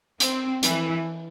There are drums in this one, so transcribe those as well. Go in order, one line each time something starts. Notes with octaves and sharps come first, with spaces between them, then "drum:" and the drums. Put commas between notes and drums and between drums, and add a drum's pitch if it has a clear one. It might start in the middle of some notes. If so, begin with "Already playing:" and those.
C4, drum: hi-hat
E3, drum: hi-hat